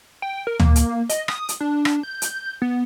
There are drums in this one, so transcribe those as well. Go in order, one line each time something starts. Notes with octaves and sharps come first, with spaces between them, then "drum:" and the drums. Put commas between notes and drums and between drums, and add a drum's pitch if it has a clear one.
G5
A#4
A#3, drum: tom
drum: hi-hat
D#5, drum: hi-hat
D#6, drum: rim click
drum: hi-hat
D4
drum: rim click
G6
drum: hi-hat
B3